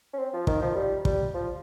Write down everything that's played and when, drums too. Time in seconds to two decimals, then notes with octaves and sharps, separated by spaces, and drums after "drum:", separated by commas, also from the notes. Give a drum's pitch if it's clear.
0.13 C#4
0.18 C4
0.33 F3
0.47 D#3, drum: kick
0.62 F3
0.76 G3
1.05 G3, drum: kick
1.34 F3